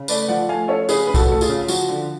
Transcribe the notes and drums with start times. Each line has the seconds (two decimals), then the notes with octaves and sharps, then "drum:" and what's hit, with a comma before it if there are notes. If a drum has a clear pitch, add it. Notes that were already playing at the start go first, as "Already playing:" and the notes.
Already playing: C#3
0.08 A3 B4 D5, drum: tambourine
0.28 F3 D5 F#5
0.48 A3 F5 G#5
0.68 C#4 A4 C#5
0.89 C#3 G#4 B4, drum: tambourine
1.07 C#3 B4
1.14 F#4 A4, drum: kick, tambourine
1.28 A3 A4
1.41 F4 G#4, drum: tambourine
1.49 C#3
1.68 F3 F#4, drum: tambourine
1.89 D3